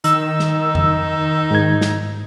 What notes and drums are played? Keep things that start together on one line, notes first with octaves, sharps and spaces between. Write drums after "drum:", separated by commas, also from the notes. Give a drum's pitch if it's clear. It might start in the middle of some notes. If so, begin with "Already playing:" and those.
D#3 D#4 E6, drum: hi-hat
drum: snare
drum: tom
G#2 G#6
drum: snare